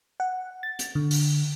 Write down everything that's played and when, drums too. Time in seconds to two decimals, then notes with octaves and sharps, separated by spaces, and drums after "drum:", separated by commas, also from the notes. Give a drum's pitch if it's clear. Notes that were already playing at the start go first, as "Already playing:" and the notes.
0.20 F#5
0.63 A6
0.79 drum: hi-hat
0.95 D3
1.11 drum: open hi-hat